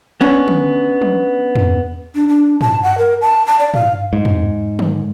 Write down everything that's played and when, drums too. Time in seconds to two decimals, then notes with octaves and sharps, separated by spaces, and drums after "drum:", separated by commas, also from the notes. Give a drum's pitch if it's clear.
0.21 B3 C#4 D4
0.48 drum: tom
1.02 drum: tom
1.56 drum: tom
2.15 D4
2.28 D4
2.61 A5, drum: tom
2.83 F#5
2.98 A#4
3.21 A5
3.46 A5
3.59 D5
3.74 F5, drum: tom
4.13 G#2
4.25 drum: tom
4.79 drum: tom